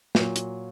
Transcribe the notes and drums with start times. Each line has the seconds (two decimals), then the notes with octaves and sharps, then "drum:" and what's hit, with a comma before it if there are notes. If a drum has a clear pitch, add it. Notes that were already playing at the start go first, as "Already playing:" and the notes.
0.15 A#2 F#3, drum: snare
0.36 drum: hi-hat